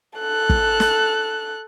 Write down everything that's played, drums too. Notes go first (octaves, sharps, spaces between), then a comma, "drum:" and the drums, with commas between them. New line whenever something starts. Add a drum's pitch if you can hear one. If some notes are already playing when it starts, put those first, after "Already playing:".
A4 F#6
drum: kick
drum: snare